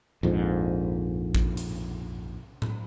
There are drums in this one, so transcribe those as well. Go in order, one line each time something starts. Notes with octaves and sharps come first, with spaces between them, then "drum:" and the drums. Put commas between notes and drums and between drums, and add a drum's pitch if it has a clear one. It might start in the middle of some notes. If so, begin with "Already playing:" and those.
A#1 F2 G#2
drum: kick A1
drum: hi-hat
drum: tom A2